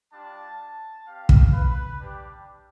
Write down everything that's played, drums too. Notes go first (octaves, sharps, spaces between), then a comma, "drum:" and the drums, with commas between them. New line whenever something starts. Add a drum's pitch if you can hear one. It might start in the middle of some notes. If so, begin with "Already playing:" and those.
G3 D4 F4 A5
C4 G4 F5
drum: kick
B4
G3 D4 G4